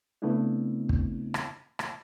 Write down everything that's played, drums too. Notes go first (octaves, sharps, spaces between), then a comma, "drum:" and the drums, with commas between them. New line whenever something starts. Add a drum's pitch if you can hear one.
C#3 A3 B3 C4 D4 E4
drum: kick
drum: rim click
drum: rim click